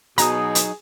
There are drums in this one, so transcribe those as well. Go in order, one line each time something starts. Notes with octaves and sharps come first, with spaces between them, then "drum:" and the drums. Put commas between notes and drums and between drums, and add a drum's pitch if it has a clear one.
B2 F#3 D#4 G#4 A#5 D#6, drum: hi-hat
drum: hi-hat